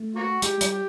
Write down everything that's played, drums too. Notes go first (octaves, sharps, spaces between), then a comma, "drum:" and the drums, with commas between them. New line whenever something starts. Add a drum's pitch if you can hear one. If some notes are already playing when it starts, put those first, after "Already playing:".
Already playing: A3
A#3 F#4
G#3 G4, drum: hi-hat
G3, drum: hi-hat
G4